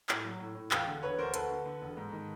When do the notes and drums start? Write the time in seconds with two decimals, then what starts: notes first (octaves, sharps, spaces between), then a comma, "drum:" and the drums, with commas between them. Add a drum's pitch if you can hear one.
0.09 A2, drum: clap
0.24 F#3
0.40 A2
0.55 A2
0.71 E1 F5 G5, drum: clap
0.87 D3
1.02 E1 B4 C#5
1.18 D2 A#4 C5
1.34 D2 A4 B4, drum: hi-hat
1.50 D3
1.66 D3
1.81 E1
1.97 G#2
2.12 D#3